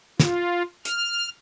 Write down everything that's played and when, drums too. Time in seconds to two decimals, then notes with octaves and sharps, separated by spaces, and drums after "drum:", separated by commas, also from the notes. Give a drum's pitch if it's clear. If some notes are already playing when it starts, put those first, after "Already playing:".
0.20 F4, drum: snare
0.85 F6, drum: hi-hat